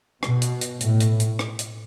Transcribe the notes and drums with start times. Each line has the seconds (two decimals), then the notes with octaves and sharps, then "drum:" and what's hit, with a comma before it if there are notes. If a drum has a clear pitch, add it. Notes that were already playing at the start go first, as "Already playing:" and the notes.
0.23 B2, drum: rim click
0.42 drum: hi-hat
0.61 drum: hi-hat
0.81 A2, drum: hi-hat
1.00 drum: hi-hat
1.20 drum: hi-hat
1.39 drum: rim click
1.59 drum: hi-hat